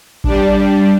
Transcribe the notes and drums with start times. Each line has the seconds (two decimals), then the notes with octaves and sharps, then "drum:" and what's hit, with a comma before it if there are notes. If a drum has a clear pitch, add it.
0.24 G3 D4, drum: kick G#1